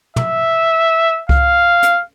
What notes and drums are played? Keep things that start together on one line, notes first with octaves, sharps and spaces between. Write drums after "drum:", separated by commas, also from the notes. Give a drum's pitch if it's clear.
E5, drum: tom
F5, drum: kick C2
drum: hi-hat